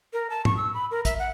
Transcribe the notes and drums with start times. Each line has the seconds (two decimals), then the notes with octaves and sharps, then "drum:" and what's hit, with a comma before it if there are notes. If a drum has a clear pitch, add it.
0.13 A#4
0.30 A5
0.45 C#6, drum: tom
0.57 E6
0.74 B5
0.91 A#4
1.05 E5, drum: kick, hi-hat
1.19 F#5